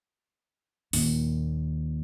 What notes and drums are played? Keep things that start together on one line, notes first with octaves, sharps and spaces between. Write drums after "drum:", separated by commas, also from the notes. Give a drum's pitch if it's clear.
D#2 A#2, drum: open hi-hat